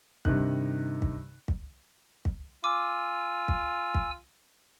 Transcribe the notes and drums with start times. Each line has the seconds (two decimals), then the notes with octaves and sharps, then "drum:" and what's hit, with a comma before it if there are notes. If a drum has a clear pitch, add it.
0.25 G2 C3 D#3 D#4 F#6, drum: kick
1.02 drum: kick
1.48 drum: kick
2.25 drum: kick
2.64 F4 G#5 D6 E6
3.48 drum: kick
3.94 drum: kick